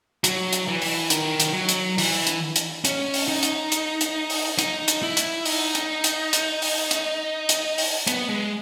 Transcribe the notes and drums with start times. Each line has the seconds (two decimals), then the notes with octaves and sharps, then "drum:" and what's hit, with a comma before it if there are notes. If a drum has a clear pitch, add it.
0.24 F#3, drum: hi-hat
0.53 drum: hi-hat
0.68 E3
0.82 drum: open hi-hat
1.10 D#3, drum: hi-hat
1.40 drum: hi-hat
1.54 F#3
1.69 drum: hi-hat
1.98 E3, drum: open hi-hat
2.27 drum: hi-hat
2.56 drum: hi-hat
2.85 C#4, drum: hi-hat
3.14 drum: open hi-hat
3.28 D#4
3.43 drum: hi-hat
3.72 drum: hi-hat
4.01 drum: hi-hat
4.30 drum: open hi-hat
4.59 D#4, drum: hi-hat
4.88 drum: hi-hat
5.03 E4
5.17 drum: hi-hat
5.45 D#4, drum: open hi-hat
5.75 drum: hi-hat
6.04 drum: hi-hat
6.33 drum: hi-hat
6.62 drum: open hi-hat
6.91 drum: hi-hat
7.49 drum: hi-hat
7.78 drum: open hi-hat
8.07 B3, drum: hi-hat
8.29 G#3